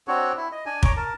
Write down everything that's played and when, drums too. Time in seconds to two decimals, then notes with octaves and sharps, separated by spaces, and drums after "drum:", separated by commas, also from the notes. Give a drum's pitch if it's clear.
0.08 C4 D4 F#4 C#5
0.37 E4
0.52 D#5
0.66 D4 G#5
0.83 C#5 A#5 D6, drum: kick
0.97 A#4 A5